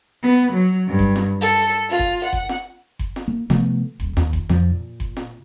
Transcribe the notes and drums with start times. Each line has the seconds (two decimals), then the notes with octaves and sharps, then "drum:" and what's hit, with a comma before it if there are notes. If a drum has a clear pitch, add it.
0.23 B3
0.52 F#3
0.88 G2
0.99 drum: kick F#1
1.16 drum: snare
1.41 A4
1.89 F4
1.99 drum: kick F#1
2.23 F#5
2.33 drum: kick F#1
2.49 drum: snare
2.99 drum: kick F#1
3.16 drum: snare
3.28 A#3
3.50 C3 F3 A3 B3, drum: snare
4.00 D#1, drum: kick F#1
4.17 D#2, drum: snare
4.33 drum: kick F#1
4.49 F2 F3, drum: snare
4.72 A#2
5.00 drum: kick F#1
5.17 drum: snare